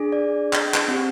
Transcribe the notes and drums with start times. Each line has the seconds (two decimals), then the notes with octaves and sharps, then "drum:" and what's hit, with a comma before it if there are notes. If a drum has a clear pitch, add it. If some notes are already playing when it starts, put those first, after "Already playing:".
Already playing: D4 G#4
0.12 D5
0.53 drum: clap
0.74 drum: clap
0.88 C4 G4